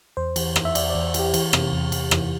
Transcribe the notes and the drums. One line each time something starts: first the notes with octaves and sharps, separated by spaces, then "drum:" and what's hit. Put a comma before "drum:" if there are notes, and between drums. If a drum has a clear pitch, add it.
E2 C5
E3, drum: cymbal
E3, drum: rim click
E5
E2 D5, drum: cymbal
E2 D5
E3 G4, drum: cymbal
E3, drum: cymbal
C3, drum: rim click
E2
E2, drum: cymbal
E3, drum: rim click